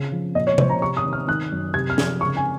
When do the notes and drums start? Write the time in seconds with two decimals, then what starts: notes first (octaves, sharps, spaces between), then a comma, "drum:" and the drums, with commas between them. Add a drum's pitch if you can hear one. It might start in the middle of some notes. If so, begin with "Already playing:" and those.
Already playing: C#3
0.12 F3
0.35 A#2 D#5
0.47 C#5
0.58 F3 C5, drum: tom C3
0.69 A#5
0.82 C3 C#6
0.97 D#6
1.04 D#3
1.13 F6
1.27 D#3 F#6
1.52 F#2
1.74 C3 G#6
1.90 F6
1.98 F3, drum: snare
2.20 C#3 C#6
2.37 G#5